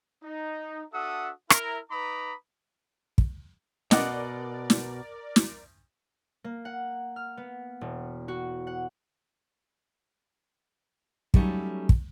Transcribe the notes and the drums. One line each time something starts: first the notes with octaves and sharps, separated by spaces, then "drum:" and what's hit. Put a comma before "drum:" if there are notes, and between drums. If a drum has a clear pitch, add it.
D#4
D4 F#4 A4 E5 F#5 D#6
E4 A#4, drum: rim click
D#4 B4 A#5 B5 D6 D#6
drum: kick
B2 A#4 D5 D#5 F#5 D6, drum: snare
drum: snare
drum: snare
A#3
F#5
F6
B3
E1
F#4
F#5
F#3 G3 A3 C#4 D#4, drum: kick
drum: kick